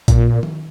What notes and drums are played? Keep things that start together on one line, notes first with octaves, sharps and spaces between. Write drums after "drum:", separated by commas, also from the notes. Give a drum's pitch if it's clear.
A#2, drum: kick A#1, hi-hat
drum: tom D#3